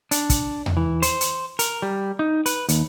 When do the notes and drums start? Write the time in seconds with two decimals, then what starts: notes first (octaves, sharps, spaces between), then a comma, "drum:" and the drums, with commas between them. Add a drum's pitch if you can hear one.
0.11 D4, drum: hi-hat
0.30 drum: kick, hi-hat
0.66 drum: tom E2
0.77 E3
1.02 C5, drum: hi-hat
1.21 drum: hi-hat
1.59 A#4, drum: hi-hat
1.82 G3
2.19 D#4
2.46 B4, drum: hi-hat
2.69 D#2, drum: hi-hat